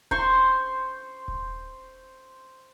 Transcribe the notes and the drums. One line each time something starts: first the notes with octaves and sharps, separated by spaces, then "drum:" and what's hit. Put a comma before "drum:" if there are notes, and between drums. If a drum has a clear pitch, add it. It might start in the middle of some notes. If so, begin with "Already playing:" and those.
C5 C6 C#6, drum: kick D#1
drum: kick D#1